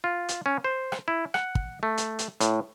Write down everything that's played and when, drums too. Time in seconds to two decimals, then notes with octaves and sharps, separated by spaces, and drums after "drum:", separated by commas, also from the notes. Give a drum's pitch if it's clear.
0.04 F4
0.29 drum: hi-hat
0.46 C#4
0.64 C5
0.92 drum: rim click
1.08 E4
1.34 F#5, drum: rim click
1.55 drum: kick
1.83 A3
1.98 drum: hi-hat
2.19 drum: hi-hat
2.41 A2, drum: hi-hat